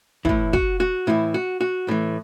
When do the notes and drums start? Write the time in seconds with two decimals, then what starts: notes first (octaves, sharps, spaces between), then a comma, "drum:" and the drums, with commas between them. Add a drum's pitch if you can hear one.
0.25 A2 E3 E4, drum: kick
0.53 F#4, drum: kick
0.80 F#4
1.07 A2 E3 E4
1.34 F#4
1.61 F#4
1.88 A2 E3